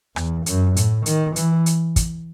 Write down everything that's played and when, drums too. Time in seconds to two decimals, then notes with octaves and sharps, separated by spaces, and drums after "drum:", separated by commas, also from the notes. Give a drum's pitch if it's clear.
0.16 E2, drum: rim click
0.46 F#2, drum: hi-hat
0.76 A2, drum: hi-hat
1.06 D#3, drum: hi-hat
1.36 E3, drum: hi-hat
1.66 drum: hi-hat
1.96 drum: kick, hi-hat